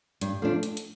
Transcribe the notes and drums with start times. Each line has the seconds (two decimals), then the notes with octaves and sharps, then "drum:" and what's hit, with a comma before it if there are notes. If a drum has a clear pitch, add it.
0.21 G2, drum: hi-hat
0.42 F3 A3 D4
0.63 drum: hi-hat
0.77 drum: hi-hat